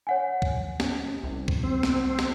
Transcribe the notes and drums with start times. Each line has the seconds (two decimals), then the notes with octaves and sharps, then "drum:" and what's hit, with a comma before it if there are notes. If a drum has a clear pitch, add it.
0.07 C#5 F#5 G#5
0.42 drum: kick
0.80 C#4, drum: snare
1.23 C2
1.48 drum: kick
1.63 C4
1.83 drum: snare
2.19 drum: snare